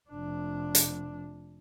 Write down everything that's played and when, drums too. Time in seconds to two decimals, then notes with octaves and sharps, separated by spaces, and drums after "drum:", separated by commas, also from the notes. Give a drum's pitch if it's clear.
0.10 F1 D4
0.75 drum: hi-hat